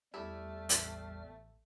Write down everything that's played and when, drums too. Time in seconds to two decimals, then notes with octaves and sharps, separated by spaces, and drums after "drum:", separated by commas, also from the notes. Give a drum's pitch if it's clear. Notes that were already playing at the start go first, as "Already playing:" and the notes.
0.14 E2 G3 A3 E4 G4 F6
0.69 A1 G4 C5 E5, drum: hi-hat